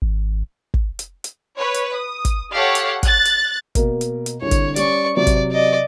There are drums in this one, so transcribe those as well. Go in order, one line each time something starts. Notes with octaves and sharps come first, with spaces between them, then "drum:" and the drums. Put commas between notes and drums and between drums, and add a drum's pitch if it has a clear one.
G#1
drum: kick
drum: hi-hat
drum: hi-hat
B4 C#5
drum: hi-hat
D#6
drum: kick, hi-hat
G4 A4 C#5 F5 F#5
drum: hi-hat
F#6 A6, drum: kick, hi-hat
drum: hi-hat
B2 A#3 A#4, drum: kick, hi-hat
drum: hi-hat
drum: hi-hat
C2 D3 C#5
drum: kick, hi-hat
G3 C#4 D5 C#6, drum: hi-hat
C3 F#3 G4 D5
drum: kick, hi-hat
D5 D#5